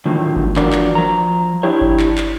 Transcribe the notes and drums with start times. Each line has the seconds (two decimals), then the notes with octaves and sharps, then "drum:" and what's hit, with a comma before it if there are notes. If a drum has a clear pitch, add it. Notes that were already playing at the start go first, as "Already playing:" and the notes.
0.06 E2 A2 D3 D#3 F3 F#3
0.36 drum: kick G1
0.56 E3 F3 D4 F#4 A#4 D5, drum: clap
0.73 drum: clap
0.95 F3 A#5
1.63 D4 E4 G4 C#5
1.81 drum: kick G1
2.00 drum: clap
2.18 drum: clap